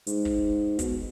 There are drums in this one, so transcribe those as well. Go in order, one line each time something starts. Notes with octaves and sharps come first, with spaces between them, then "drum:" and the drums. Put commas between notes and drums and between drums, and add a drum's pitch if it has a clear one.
G#2, drum: hi-hat
drum: kick
B2, drum: kick, hi-hat